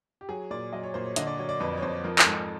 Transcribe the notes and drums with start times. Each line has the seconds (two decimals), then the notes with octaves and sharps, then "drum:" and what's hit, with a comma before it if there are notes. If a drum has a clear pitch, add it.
0.21 G4
0.29 F#3 G#4
0.51 A#2 D5
0.73 F#3 D#5
0.83 C#5
0.94 A#2 C5
1.06 C#5
1.16 D3 D#5, drum: hi-hat
1.27 D5
1.38 F#3 C#5
1.49 D5
1.60 F2 B4
1.77 C#5
1.82 F2 C5
2.04 F3 A#4
2.19 A4, drum: clap
2.26 G#2